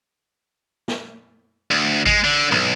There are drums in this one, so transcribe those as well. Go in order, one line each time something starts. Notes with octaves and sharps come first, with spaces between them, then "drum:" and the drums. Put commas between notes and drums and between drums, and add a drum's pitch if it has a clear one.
drum: snare
D2
G#3, drum: kick G#1
D3
B1, drum: tom